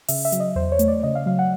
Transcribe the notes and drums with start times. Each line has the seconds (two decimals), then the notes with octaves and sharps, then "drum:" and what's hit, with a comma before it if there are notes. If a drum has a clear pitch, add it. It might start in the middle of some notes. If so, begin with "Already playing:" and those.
0.08 C#3 E5, drum: open hi-hat
0.25 E5
0.32 F#3, drum: hi-hat
0.40 D#5
0.55 E2 C5
0.72 C#5
0.79 A3, drum: hi-hat
0.88 D5
1.03 C#3 D#5
1.15 F5
1.26 F#3 F5
1.39 F#5